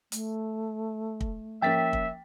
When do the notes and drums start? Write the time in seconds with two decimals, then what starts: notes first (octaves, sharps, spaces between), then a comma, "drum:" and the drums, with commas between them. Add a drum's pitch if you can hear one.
0.12 A3, drum: hi-hat
1.21 drum: kick
1.62 F3 A#3 C#4 E5 G5 A6 B6
1.93 drum: kick